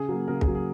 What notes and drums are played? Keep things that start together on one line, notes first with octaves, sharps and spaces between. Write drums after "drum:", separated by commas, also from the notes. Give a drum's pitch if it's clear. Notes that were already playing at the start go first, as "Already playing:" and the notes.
Already playing: C#3 G#4
F#3 A#3
C#3 A#4
G#4, drum: kick
F#3 A#3
G#4